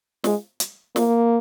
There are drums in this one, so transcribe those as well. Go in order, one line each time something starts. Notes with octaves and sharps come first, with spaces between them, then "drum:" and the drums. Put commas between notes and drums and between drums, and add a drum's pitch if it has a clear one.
G#3, drum: snare
drum: hi-hat
A#3, drum: snare